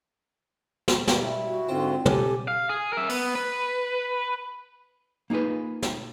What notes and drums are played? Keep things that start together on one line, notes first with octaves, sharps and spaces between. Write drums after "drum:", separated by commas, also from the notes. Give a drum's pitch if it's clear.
drum: snare
G2 G3 A#3 B4, drum: snare
E4
F#4
G#2 D3 C4 F4
G4 A4 G#5, drum: tom
F5
G#4
A#4 E5
B3, drum: open hi-hat
B4
A#3 D#4 F4 G#4 B4
drum: snare